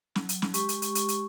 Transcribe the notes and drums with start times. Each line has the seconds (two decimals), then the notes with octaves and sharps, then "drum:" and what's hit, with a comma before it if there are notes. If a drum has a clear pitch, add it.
0.16 F#3, drum: snare
0.29 drum: hi-hat
0.42 drum: snare
0.54 G#3 G4 C#6, drum: hi-hat
0.69 drum: hi-hat
0.82 drum: hi-hat
0.95 drum: hi-hat
1.08 drum: hi-hat